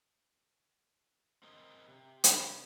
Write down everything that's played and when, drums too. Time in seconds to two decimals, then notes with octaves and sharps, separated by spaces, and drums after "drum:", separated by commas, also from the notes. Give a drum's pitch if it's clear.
1.43 C4 A#4 D#5
1.88 C3
2.24 B5, drum: hi-hat